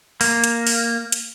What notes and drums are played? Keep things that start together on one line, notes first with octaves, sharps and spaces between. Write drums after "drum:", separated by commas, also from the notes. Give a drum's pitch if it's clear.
A#3, drum: open hi-hat
drum: hi-hat
drum: open hi-hat
drum: hi-hat